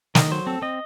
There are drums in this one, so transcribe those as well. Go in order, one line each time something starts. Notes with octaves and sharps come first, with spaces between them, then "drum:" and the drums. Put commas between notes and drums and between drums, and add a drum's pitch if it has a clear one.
D#3 D#5, drum: snare
F#3 C5
C4 A4
C4 D#5